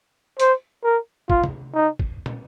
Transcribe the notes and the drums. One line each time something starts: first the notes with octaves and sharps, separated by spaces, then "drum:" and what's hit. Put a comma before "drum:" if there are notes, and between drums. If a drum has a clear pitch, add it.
C5, drum: hi-hat
A#4
F4, drum: kick
drum: tom C3
D#4
drum: kick
drum: tom